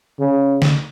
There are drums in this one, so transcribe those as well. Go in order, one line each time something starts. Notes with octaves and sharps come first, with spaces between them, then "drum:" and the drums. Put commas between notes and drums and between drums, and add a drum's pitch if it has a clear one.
C#3
drum: snare